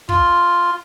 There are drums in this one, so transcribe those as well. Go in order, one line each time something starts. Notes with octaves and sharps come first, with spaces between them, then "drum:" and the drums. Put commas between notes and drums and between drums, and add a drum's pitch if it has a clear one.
F4, drum: kick